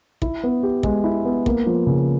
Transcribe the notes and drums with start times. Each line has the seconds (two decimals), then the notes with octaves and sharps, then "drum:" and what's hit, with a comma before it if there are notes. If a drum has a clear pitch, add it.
0.22 E4, drum: kick
0.43 B3
0.63 G4
0.83 G#3, drum: kick
1.04 E4
1.25 B3
1.46 A#3, drum: kick
1.66 F3
1.87 C#3